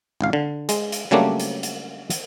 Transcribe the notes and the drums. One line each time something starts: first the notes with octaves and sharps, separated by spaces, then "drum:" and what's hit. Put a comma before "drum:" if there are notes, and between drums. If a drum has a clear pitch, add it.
G#1 C#2 F5
D3
G#3, drum: hi-hat
drum: hi-hat
C#3 F#3 G3 A3 A#3 D4
drum: hi-hat
drum: hi-hat
drum: hi-hat